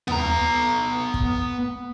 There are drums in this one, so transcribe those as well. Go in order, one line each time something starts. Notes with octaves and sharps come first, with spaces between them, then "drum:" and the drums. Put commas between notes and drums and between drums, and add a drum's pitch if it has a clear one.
B3 A#5, drum: tom
drum: kick